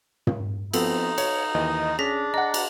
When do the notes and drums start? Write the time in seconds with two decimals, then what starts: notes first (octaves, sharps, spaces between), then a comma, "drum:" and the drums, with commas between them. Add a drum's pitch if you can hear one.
0.27 drum: tom
0.73 F3 B3 C4 D#4 A4, drum: cymbal
1.18 C#5, drum: cymbal
1.55 D#2 E3 D#5
1.99 C#4 D4 G#4 A#6 B6
2.34 D#5 F#5 A#5
2.54 drum: cymbal